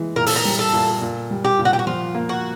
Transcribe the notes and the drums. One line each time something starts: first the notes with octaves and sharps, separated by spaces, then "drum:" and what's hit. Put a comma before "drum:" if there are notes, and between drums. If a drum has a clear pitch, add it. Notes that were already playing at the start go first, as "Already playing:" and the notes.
Already playing: E3 G#3
A#2 A#4
A4, drum: open hi-hat
A#4
G3
A4
A#2
A#2
G3
G4
A#2
F#4
G4
F#4
F3 F4
A#3
F#4